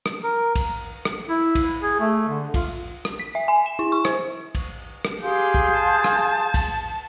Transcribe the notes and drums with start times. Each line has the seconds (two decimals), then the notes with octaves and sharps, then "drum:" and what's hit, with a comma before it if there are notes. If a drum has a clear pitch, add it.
0.06 drum: rim click
0.23 A#4
0.56 drum: kick, cymbal
1.05 drum: rim click
1.28 E4
1.55 drum: kick, cymbal
1.83 G#4
2.00 A3
2.28 D3
2.54 F4, drum: kick, cymbal
3.05 drum: rim click
3.19 B6
3.35 E5
3.48 G#5
3.66 E7
3.79 E4
3.92 C#6
4.05 C5, drum: rim click
4.55 drum: kick, cymbal
5.05 drum: rim click
5.22 G4 G#4 F5 C6 G6
5.54 drum: kick
5.78 A5
6.04 drum: rim click
6.54 drum: kick, cymbal